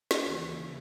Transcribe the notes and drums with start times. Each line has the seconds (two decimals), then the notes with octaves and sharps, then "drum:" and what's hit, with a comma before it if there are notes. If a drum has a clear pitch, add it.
0.11 drum: snare
0.24 D#2 C#3 E3 A4